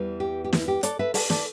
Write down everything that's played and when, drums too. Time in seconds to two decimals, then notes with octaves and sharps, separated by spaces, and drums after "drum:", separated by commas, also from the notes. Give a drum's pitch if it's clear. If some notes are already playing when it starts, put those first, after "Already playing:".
Already playing: E2 E3 G3
0.20 G4
0.44 G4
0.53 E4, drum: snare
0.68 G4
0.83 A4 D5, drum: hi-hat
0.99 B4 E5
1.14 A4 D5, drum: open hi-hat
1.30 A4 D5, drum: snare